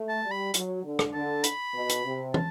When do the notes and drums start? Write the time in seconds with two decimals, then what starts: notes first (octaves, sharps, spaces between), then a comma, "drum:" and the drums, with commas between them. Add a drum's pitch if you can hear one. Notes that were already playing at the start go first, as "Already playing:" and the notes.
Already playing: A3
0.09 A5
0.24 G3
0.31 B5
0.54 F#3, drum: hi-hat
0.84 D3
0.99 drum: rim click
1.14 D3 A5
1.44 B5, drum: hi-hat
1.75 B2
1.89 drum: hi-hat
2.05 C3
2.34 A5, drum: tom